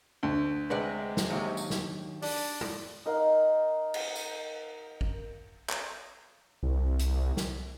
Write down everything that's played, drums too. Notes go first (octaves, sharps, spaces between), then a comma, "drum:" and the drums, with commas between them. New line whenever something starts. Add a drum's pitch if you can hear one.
D2
C3 G#3 B4 D5 F#5
drum: snare
D#2 F#3
drum: tambourine
drum: snare
D4 D5, drum: open hi-hat
drum: tom G3
D#4 A#4 F5 F#5
drum: cymbal
drum: tambourine
drum: kick A1
drum: clap
C2
drum: hi-hat
drum: snare